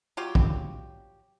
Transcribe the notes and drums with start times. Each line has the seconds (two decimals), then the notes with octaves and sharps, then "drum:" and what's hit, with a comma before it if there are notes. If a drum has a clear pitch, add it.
0.17 F#3 F4 G4
0.35 drum: kick